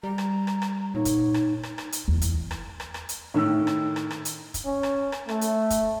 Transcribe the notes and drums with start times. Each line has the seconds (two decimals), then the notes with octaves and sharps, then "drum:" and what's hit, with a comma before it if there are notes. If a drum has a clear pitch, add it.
0.03 G3 A#5
0.18 drum: rim click
0.47 drum: rim click
0.62 drum: rim click
0.95 A#2 D#4 C#5
1.05 drum: kick, hi-hat
1.34 drum: rim click
1.63 drum: rim click
1.78 drum: rim click
1.92 drum: hi-hat
2.08 E2
2.22 drum: kick, hi-hat
2.51 drum: rim click
2.80 drum: rim click
2.94 drum: rim click
3.09 drum: hi-hat
3.34 A2 D#3 E6
3.67 drum: rim click
3.96 drum: rim click
4.10 drum: rim click
4.25 drum: hi-hat
4.54 drum: kick, hi-hat
4.65 C#4
4.83 drum: rim click
5.12 drum: rim click
5.29 A3, drum: rim click
5.41 drum: hi-hat
5.70 drum: kick, hi-hat